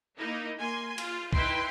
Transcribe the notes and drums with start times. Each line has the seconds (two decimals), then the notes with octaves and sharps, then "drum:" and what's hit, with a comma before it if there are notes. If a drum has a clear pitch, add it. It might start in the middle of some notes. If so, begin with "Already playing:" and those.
0.17 A#3 D#4 E4
0.57 A#3 G#5 C6
0.98 F4, drum: cymbal
1.33 D#4 E4 B4 G5 C6, drum: kick B1